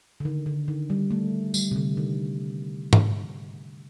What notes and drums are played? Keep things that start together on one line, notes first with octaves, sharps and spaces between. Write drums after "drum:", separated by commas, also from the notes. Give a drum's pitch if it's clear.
D3
D#3
D3
D#3
G3
A3
G3, drum: tambourine
C3
D3
D#3
drum: tom G#2